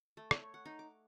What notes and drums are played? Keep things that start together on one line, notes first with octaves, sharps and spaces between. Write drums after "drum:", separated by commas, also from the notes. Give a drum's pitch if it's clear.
A3
C#5, drum: rim click
F#5
D#4
D6